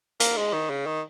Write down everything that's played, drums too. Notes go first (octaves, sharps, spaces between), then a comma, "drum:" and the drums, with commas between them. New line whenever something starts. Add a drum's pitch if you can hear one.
A#3, drum: hi-hat
G#3
D#3
C#3
D#3